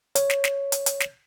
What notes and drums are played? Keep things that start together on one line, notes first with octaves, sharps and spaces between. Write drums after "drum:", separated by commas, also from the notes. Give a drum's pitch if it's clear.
C#5, drum: hi-hat
drum: snare
drum: snare
drum: hi-hat
drum: hi-hat
drum: snare